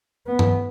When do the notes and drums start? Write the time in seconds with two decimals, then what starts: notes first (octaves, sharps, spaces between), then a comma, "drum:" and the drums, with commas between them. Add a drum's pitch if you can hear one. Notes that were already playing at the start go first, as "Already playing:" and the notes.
0.27 B3
0.39 drum: tom G2